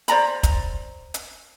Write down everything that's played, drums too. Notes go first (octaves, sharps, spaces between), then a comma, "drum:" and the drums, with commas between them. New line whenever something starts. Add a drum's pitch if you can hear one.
C5 D5 A#5 B5, drum: hi-hat
drum: kick, hi-hat
drum: hi-hat